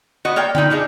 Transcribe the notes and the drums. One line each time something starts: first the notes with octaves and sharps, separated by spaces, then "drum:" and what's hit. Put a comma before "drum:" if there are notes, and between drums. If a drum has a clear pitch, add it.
B3 F#4 D#5
A#3 C#5 D5 G5
F3 D#4 E4 G5, drum: tom D3
A#2 D4 D#4 G#4 F5